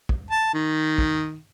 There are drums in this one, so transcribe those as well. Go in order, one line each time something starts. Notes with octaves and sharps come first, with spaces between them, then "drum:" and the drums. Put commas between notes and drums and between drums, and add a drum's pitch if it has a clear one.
drum: kick
A5
D#3
drum: kick